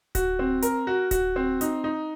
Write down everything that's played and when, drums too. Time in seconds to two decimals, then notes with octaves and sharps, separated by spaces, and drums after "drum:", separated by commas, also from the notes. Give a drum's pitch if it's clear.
0.15 F#4, drum: kick D1, hi-hat
0.39 C4
0.62 A#4, drum: hi-hat
0.87 F#4
1.11 F#4, drum: kick D1, hi-hat
1.36 C4
1.61 D#4, drum: hi-hat
1.84 D#4